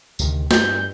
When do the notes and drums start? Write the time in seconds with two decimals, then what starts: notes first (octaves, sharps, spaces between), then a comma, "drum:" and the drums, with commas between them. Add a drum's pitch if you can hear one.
0.19 D2 C3 D#3, drum: tambourine
0.51 G2 G6, drum: snare